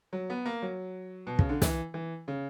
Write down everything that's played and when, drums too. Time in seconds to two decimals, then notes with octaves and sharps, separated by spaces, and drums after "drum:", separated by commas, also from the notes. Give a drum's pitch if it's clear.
0.13 F#3
0.30 B3
0.46 A#3
0.62 F#3
1.27 B2
1.39 C#3, drum: kick
1.49 D3
1.62 E3, drum: snare
1.94 E3
2.28 C#3